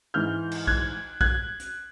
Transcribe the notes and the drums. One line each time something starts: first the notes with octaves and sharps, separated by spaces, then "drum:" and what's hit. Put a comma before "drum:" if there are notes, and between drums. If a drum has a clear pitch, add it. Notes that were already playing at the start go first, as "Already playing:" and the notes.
G#2 E3 F6 G6
drum: cymbal
F#6 G#6, drum: kick
F#6 G#6, drum: kick
drum: hi-hat